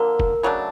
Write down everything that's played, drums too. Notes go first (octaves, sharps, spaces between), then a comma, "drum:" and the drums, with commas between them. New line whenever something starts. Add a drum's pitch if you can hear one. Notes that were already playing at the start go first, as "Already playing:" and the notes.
Already playing: D3 F3 A#3 A#4
drum: kick
C#3 F#3 A3 D4